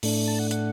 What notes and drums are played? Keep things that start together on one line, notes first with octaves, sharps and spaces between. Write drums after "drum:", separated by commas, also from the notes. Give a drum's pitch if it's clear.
A2 A3 D4, drum: open hi-hat
A5
F#5
F#5, drum: hi-hat